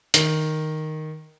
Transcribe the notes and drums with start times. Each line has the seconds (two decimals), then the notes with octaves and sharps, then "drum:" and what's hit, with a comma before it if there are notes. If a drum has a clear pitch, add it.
0.14 D#3, drum: hi-hat